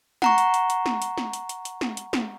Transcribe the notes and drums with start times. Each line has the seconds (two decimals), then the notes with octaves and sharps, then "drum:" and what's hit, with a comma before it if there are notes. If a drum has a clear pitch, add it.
0.22 F#5 A#5 C#6, drum: snare
0.38 drum: hi-hat
0.54 drum: hi-hat
0.70 drum: hi-hat
0.86 drum: snare
1.02 drum: hi-hat
1.18 drum: snare
1.33 drum: hi-hat
1.49 drum: hi-hat
1.65 drum: hi-hat
1.81 drum: snare
1.97 drum: hi-hat
2.13 drum: snare